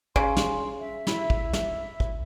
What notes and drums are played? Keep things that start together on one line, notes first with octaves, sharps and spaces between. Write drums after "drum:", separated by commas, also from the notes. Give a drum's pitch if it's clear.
C#3 C6, drum: kick
drum: snare
E5
E4, drum: snare
drum: kick
drum: snare
drum: kick